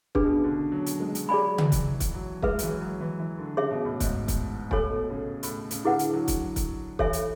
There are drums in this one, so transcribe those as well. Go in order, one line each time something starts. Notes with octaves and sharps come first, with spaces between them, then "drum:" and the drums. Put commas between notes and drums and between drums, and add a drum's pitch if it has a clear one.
D4 G#4 B4, drum: kick
B2
C#3
D3
F#3
drum: hi-hat
G#3
drum: hi-hat
F#3 G#4 D5 G#5 B5
E3, drum: tom C#3
drum: kick, hi-hat
drum: kick, hi-hat
F#3
G#3 G#4 B4 E5, drum: kick
F#3, drum: hi-hat
E3
F#3
E3
E3
D3
C#3 G#4 C#5 E5
B2
A2
G#2, drum: kick, hi-hat
drum: kick, hi-hat
A2 A4 C#5 G#5, drum: kick
B2
C#3
A2, drum: hi-hat
C#3, drum: hi-hat
D3 E4 G#4 B4 F#5
drum: hi-hat
F#3
drum: kick, hi-hat
drum: kick, hi-hat
E3 A4 C#5 E5 G#5, drum: kick
drum: hi-hat